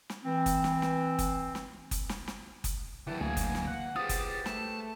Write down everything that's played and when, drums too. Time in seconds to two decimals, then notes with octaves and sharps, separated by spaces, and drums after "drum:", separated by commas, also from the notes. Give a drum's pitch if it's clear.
0.10 drum: snare
0.25 E3 C4
0.46 drum: kick F#1, hi-hat
0.64 drum: snare
0.82 drum: snare
1.19 drum: kick F#1, hi-hat
1.55 drum: snare
1.91 drum: kick F#1, hi-hat
2.09 drum: snare
2.28 drum: snare
2.64 drum: kick F#1, hi-hat
3.07 D3 E3 F#3 G4 G5 A5
3.21 D2 E3 A#3 G#4
3.37 drum: kick F#1, hi-hat
3.55 drum: snare
3.67 F#5
3.96 F4 G4 G#4 B4 C5 D#6 A6
4.09 drum: kick F#1, hi-hat
4.46 A3 A5, drum: snare